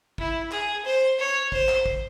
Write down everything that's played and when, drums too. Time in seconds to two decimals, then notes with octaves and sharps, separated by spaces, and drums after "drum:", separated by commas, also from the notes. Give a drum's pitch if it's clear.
0.18 E4, drum: kick
0.51 G#4, drum: clap
0.85 C5
1.19 C#5
1.52 C5, drum: kick
1.69 drum: clap
1.86 drum: kick